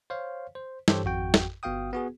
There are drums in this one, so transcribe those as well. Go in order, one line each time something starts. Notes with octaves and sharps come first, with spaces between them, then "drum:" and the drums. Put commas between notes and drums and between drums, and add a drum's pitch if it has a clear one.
C5 C#5 F5
C5
G2 E3 G4 A4 C5 C#5, drum: snare
G#1 F2 F#4 G5
drum: snare
G1 B3 F#4 F5 G5 D#6
B3 F#4 G#4